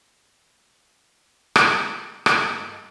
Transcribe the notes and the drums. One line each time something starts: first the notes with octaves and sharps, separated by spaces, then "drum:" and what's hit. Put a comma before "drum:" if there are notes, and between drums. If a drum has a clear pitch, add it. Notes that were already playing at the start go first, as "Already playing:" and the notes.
drum: rim click
G2 A#3 A4 D#5 F5, drum: rim click